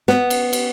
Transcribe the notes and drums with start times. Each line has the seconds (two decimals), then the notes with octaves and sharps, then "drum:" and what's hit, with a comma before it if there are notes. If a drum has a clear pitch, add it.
0.08 B3, drum: snare
0.30 drum: cymbal
0.53 drum: cymbal